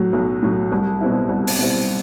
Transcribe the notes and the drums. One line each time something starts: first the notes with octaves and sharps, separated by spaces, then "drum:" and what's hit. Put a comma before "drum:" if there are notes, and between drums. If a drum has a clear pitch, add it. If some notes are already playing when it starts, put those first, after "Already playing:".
Already playing: A2 F#3
B1
A2 F#3
C2
B2 G3 C4 E4
C2
drum: open hi-hat
B2 G3 C4 E4